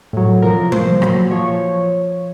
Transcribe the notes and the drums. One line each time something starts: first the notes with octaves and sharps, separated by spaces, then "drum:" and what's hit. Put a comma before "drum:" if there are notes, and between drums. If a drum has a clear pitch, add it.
A2 F#3
C3 F3 A#4
A#2 F3 C5, drum: tom
A#2 F#3, drum: rim click
F3 C#5